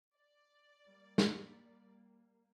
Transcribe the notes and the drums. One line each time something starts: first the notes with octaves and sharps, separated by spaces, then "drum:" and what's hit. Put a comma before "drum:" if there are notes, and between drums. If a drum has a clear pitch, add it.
D5
G3 A#3
drum: snare